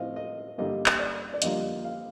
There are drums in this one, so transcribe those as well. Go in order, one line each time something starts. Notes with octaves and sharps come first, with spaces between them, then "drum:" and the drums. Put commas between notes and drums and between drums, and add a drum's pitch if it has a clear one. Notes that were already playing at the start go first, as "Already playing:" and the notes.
Already playing: A2 F3 C4 D#5 F5
D#5
G2 D3 G3 A#3 D#5
drum: clap
D5
D5
F2 D3 G3 A#3 F4 D#5, drum: hi-hat
F5